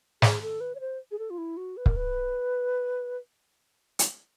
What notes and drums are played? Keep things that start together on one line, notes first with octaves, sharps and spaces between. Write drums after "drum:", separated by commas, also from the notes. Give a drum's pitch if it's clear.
G#4, drum: snare
A4
B4
C#5
C5
G#4
A4
F4
E4
F#4
B4
A#4, drum: kick
B4
drum: hi-hat